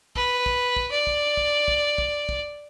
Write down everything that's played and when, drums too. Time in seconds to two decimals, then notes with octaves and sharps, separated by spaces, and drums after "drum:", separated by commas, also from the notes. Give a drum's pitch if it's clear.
0.16 B4, drum: kick
0.46 drum: kick
0.76 drum: kick
0.92 D5
1.07 drum: kick
1.37 drum: kick
1.68 drum: kick
1.98 drum: kick
2.29 drum: kick